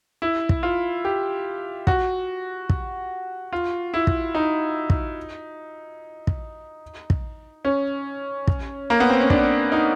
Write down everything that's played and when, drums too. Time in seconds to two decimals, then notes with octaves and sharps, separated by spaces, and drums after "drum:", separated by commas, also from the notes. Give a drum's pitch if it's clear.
0.22 E4
0.49 drum: kick
0.63 F4
1.05 G4
1.87 F#4, drum: kick
2.70 drum: kick
3.53 F4
3.94 E4
4.07 drum: kick
4.35 D#4
4.90 drum: kick
6.27 drum: kick
7.10 drum: kick
7.65 C#4
8.47 drum: kick
8.90 A#3
9.00 B3
9.10 C4
9.20 C#4
9.30 D4, drum: kick
9.72 D#4